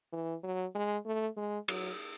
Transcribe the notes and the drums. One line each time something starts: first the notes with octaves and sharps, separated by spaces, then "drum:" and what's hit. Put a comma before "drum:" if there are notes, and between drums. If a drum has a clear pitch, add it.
E3
F#3
G#3
A3
G#3
F#3, drum: cymbal